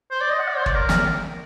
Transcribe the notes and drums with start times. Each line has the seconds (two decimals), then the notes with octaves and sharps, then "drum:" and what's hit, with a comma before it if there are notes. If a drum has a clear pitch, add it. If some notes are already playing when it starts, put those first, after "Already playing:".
0.11 C5
0.21 D5
0.30 D#5
0.39 F#5
0.48 D5
0.57 C5
0.66 D5, drum: kick
0.75 A#4
0.89 drum: snare